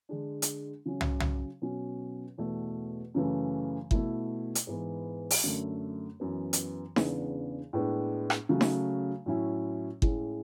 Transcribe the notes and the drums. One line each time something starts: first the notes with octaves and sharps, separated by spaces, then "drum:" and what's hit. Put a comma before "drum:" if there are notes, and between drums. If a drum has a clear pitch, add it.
D3 G#3 D4
drum: hi-hat
C#3 F#3 C#4
drum: tom
drum: tom
B2 F#3 C#4
E2 B2 A3
F#2 C#3 E3 A3
B2 A3 E4, drum: kick G1
drum: hi-hat
G#2 E3 B3
drum: open hi-hat
F#2 D3 A3
F#2 E3 B3
drum: hi-hat
E2 C#3 G#3 B3 D4, drum: snare D#4
A2 G#3 B3 D4
drum: rim click
C#3 F#3 A3
drum: snare D#4
A2 F#3 C#4 E4
A2 G#3 C#4 E4, drum: kick G1